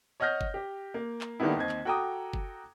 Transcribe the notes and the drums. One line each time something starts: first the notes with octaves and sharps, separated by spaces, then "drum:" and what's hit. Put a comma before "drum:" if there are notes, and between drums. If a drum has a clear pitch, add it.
C#5 D#5 F#5 F6 G6 A#6
drum: kick F#1
G4
A#3
drum: clap
D3 D#3 G3 A#3 B3 E4
D#2 C4 D#5 G#6
drum: clap
F#4 A4 G5 A#5 D6 D#6
drum: kick F#1